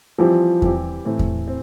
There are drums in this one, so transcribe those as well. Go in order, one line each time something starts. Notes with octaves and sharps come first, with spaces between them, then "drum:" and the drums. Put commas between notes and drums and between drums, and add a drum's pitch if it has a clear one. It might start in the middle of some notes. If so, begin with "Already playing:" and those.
E3 F3 G3 C4 G4
E3 G3 C4 G4, drum: kick E2
A2 E3 A3 C4
drum: kick E2
C4